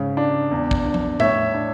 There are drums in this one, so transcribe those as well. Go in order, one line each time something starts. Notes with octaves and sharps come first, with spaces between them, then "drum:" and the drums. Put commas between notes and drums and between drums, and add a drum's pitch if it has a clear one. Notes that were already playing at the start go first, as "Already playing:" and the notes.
Already playing: G#2 C#3
D4
E2
drum: kick
D4
drum: tom F3
A2 C#5 E5, drum: tom A2
D4